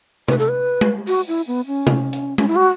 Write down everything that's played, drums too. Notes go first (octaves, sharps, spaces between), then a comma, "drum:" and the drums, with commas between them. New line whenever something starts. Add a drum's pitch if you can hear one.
B4, drum: tom C3
A4
B4
drum: tom G#3
F#4, drum: open hi-hat
E4
B3
C#4
drum: tom C3
drum: hi-hat
C#4, drum: tom G#3
E4
F#4